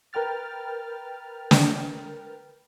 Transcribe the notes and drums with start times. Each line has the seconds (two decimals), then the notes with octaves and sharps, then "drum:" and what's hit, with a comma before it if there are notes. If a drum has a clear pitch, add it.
0.13 A#4 B4 G5 F6 A6
1.51 drum: snare